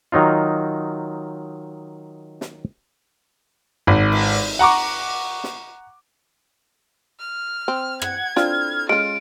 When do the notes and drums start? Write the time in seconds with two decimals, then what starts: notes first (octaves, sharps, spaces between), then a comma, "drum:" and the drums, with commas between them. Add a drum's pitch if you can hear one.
0.12 D#3 F#3 D#4 F4
2.41 drum: snare
3.87 G#1
4.12 drum: cymbal
4.59 F#5 A#5 C#6 D6
5.44 drum: snare
7.19 F6
7.68 C4
8.02 F#5 G#6, drum: rim click
8.36 C4 D4 E4 F4 A4 F6, drum: snare
8.89 G#3 C#4 F4 D7